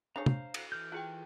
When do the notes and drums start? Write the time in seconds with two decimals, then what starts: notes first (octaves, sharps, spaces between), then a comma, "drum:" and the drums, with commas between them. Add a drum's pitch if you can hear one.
0.16 D4 G#4 C5 C#5 F5 A#5
0.26 drum: tom
0.54 drum: cymbal
0.72 E3 F6 G6
0.92 F4 F#4 G#4 G5